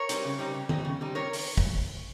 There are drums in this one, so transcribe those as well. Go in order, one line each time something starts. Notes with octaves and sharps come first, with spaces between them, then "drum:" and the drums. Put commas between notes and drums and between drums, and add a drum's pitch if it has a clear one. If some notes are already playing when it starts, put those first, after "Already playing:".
Already playing: A#4 C#5
G3 C4 D#4, drum: hi-hat
C#3
G3 C4 D#4
C#3
G3 C4 D#4, drum: tom
C#3
G3 C4 D#4
D#3 A#4 C#5
drum: open hi-hat
drum: kick